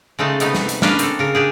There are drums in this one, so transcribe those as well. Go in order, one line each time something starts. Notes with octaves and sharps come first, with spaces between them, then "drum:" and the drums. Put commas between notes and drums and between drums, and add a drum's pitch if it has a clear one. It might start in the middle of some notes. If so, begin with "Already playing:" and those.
C#3 G#3 A3 D#4 A5
C3 A3 B3 D#4, drum: hi-hat
drum: snare
drum: hi-hat
A#3 C#4 D4 B4 D#5 F5, drum: snare
C4 A4, drum: hi-hat
C#3 A#4
D4 G4 G#4